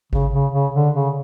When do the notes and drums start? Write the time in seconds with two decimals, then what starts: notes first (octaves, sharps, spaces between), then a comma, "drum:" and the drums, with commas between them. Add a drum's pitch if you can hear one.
0.13 C#3, drum: kick G#1
0.33 C#3
0.53 C#3
0.74 D3
0.95 C#3